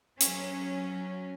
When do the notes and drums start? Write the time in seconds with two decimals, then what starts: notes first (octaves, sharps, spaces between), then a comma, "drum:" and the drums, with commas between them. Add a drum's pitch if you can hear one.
0.21 F#3 C#4, drum: hi-hat